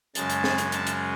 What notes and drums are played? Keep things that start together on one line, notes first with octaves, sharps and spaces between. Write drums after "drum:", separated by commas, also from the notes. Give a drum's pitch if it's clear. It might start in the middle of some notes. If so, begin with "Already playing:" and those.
F#2 C#3 G#3 A5, drum: hi-hat
drum: hi-hat
drum: snare
drum: hi-hat
A5, drum: hi-hat
drum: hi-hat